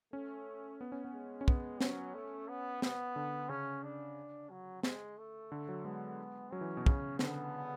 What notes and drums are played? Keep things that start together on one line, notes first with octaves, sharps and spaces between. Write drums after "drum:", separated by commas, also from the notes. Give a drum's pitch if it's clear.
A3 C#4
B3
C#4
B3
G#3
C#4
B3, drum: kick
F#3 C#4, drum: snare
A3
B3
B3, drum: snare
D3
C#3 C#4
D4
F#3
G#3, drum: snare
A3
D3
F#3
G#3 B3
F#3 C#4
E3
B2
C#3, drum: kick
D3 B3, drum: snare